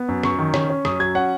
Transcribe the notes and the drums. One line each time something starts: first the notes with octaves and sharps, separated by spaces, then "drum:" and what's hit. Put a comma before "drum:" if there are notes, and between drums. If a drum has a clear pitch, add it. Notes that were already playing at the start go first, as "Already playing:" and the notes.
Already playing: B3
F#2
F#2 C#6, drum: rim click
D#3
C#4, drum: rim click
C#4
F#2 D#6, drum: rim click
F#3 G#6
C#4 F#5